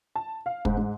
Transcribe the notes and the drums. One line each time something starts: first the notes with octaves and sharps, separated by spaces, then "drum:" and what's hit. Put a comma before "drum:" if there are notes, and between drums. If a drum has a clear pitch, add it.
A5
F5
G#2, drum: kick
G#2